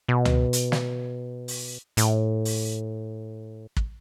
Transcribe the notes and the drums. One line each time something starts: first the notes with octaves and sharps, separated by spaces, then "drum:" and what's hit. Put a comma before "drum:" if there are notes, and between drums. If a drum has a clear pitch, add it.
B2
drum: tom
drum: hi-hat
drum: snare
drum: open hi-hat
A2, drum: hi-hat
drum: open hi-hat
drum: kick